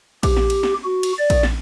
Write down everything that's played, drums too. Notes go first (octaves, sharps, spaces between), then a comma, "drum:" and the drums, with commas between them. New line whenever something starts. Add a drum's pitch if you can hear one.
G4, drum: kick A#1, cymbal
drum: snare
drum: cymbal
drum: snare
F#4
drum: cymbal
D5
drum: kick A#1, cymbal
drum: snare